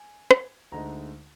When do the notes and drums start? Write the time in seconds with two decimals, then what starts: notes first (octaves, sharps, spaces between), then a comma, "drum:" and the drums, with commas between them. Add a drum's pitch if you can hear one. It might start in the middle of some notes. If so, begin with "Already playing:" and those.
Already playing: G#5
0.31 drum: rim click
0.72 D2 D3 G#3 D#4 A#5